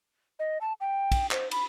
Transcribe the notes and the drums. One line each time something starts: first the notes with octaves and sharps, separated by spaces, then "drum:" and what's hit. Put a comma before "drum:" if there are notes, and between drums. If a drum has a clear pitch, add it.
D#5
A5
G5
drum: kick, cymbal
C5, drum: clap
B5, drum: cymbal